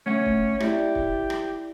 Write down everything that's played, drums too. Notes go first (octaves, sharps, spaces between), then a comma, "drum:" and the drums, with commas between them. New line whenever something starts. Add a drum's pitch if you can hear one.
A3 C#4 F#5
drum: kick
E4 G4 D5, drum: rim click
drum: kick
drum: rim click